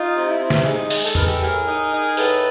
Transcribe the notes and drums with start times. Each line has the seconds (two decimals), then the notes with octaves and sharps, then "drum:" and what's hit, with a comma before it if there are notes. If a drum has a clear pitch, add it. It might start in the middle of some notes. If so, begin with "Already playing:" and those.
Already playing: D#4 F4
0.15 C3
0.27 E4
0.39 C3
0.50 drum: snare
0.65 G#3 D#4
0.90 G#3, drum: open hi-hat
1.03 A4
1.15 E3 A#4, drum: tom
1.25 G4 A4
1.41 A2 G#4 A#4
1.66 D#4
1.92 D#4
2.17 A2 A4 B4, drum: tambourine